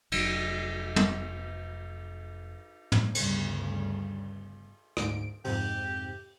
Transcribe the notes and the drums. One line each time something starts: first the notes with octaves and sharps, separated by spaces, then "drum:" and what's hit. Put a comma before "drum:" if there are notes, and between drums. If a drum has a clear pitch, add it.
F1 F#3, drum: cymbal
drum: tom
drum: tom
G1 D2 G2 C#3, drum: cymbal
D2 G#2 D7, drum: rim click
F2 G#2 C3 G4, drum: open hi-hat